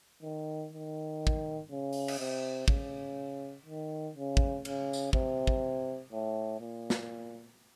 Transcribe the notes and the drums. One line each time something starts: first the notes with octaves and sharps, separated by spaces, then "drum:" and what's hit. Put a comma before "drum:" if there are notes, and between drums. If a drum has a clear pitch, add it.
D#3
D#3
drum: kick
C#3
drum: open hi-hat
drum: cymbal
C3
C#3, drum: kick
D#3
C#3
drum: kick
C#3, drum: cymbal
drum: tambourine
C3, drum: kick
drum: kick
A2
A#2
drum: snare